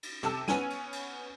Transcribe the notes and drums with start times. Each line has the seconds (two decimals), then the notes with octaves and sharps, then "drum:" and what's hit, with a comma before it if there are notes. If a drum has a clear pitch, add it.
0.03 drum: cymbal
0.23 C3 A4 A5 E6, drum: snare
0.48 B3 C#4 G#5 D#7, drum: snare
0.70 drum: cymbal
0.93 drum: cymbal